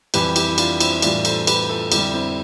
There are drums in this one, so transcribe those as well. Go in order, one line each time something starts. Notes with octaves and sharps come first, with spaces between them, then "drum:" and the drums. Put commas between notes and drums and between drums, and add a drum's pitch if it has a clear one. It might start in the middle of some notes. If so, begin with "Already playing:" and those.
F2 E3 G3 G4 B4, drum: cymbal
E4 G4, drum: cymbal
E4
D4 F4, drum: cymbal
C4 E4, drum: cymbal
E4
A2 E3 G3 D4 F4, drum: cymbal
A4 C5, drum: cymbal
G4 B4, drum: cymbal
F4 A4
F2 D3 G3 E4 G4, drum: cymbal
C4 E4